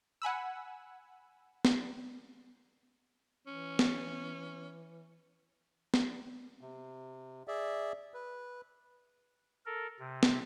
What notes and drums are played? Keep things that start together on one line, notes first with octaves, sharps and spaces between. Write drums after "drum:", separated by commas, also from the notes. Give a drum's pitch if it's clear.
F#5 G#5 B5 E6
drum: snare
E3 C#4
drum: snare
drum: snare
C3
G#4 D5 E5
B4
A4 A#4
C3
drum: snare